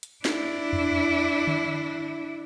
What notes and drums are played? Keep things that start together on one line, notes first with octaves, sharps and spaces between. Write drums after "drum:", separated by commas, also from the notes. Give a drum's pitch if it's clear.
drum: hi-hat
D4 E4, drum: snare
drum: tom F2
drum: tom D3